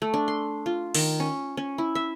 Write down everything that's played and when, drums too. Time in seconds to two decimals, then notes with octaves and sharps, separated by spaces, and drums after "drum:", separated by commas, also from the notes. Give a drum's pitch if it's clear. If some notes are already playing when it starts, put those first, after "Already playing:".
0.02 A3
0.14 D4
0.28 C6
0.66 F4
0.95 D#3, drum: open hi-hat
1.20 C#4
1.57 C#4
1.78 E4
1.95 E5